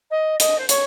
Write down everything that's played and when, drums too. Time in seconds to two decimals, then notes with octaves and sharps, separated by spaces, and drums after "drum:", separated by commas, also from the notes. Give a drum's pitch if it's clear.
0.11 D#5
0.40 D#5, drum: hi-hat
0.59 C5
0.69 C#5, drum: hi-hat